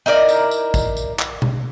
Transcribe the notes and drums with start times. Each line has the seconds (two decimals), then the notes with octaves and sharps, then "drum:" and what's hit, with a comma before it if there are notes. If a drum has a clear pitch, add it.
0.06 D#4 E4 A#4 D5
0.29 drum: tambourine
0.51 drum: tambourine
0.74 drum: kick, tambourine
0.97 drum: tambourine
1.19 drum: clap
1.42 drum: tom B2